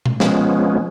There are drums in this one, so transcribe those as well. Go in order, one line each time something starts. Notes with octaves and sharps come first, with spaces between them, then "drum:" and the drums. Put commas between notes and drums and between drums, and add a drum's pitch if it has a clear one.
drum: tom B2
F3 G#3 B3 C#4, drum: snare